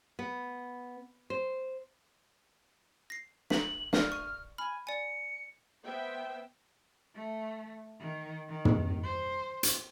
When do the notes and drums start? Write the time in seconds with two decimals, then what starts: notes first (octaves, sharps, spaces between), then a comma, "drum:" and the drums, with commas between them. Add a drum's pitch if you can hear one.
0.19 B3
1.30 C5
3.10 A#6 C7
3.50 A#5 B6 F#7, drum: snare
3.93 A#4 D5 F5 F6, drum: snare
4.12 C#6 D#7
4.58 G#5 B5 F6
4.87 D5 G#5 C#7
5.83 B3 C5 E5 G5
7.15 A3
8.00 D#3
8.49 D#3
8.65 drum: tom
9.03 C5
9.63 drum: hi-hat